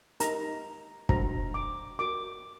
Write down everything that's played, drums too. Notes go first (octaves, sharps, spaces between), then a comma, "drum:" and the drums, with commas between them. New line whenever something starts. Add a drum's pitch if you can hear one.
D#4 G4 A#4 A#5, drum: hi-hat
D4 F#4 C5 A#5, drum: kick
D6
F#4 A#4 D6